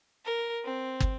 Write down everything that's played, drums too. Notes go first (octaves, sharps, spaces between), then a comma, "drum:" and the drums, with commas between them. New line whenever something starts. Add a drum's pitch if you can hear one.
A#4
C4
drum: kick